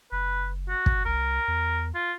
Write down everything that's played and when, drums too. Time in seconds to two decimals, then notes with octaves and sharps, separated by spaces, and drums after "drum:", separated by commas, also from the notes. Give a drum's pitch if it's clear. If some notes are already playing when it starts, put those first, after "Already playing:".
0.12 F#1 B4
0.69 F#4
0.86 drum: kick
1.05 C2 A#4
1.48 E2
1.95 F4